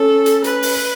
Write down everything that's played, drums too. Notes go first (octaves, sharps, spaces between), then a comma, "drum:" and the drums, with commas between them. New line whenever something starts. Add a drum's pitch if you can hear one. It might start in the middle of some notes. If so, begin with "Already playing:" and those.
Already playing: C#4 A4
drum: hi-hat
B4, drum: hi-hat
drum: open hi-hat